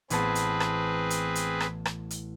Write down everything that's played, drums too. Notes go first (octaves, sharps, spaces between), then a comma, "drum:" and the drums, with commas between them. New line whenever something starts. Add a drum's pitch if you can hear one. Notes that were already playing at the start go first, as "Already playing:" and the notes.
A1 B3 C4 G#4 B4 A5, drum: hi-hat
drum: hi-hat
drum: rim click
drum: hi-hat
drum: hi-hat
drum: rim click
drum: rim click
drum: hi-hat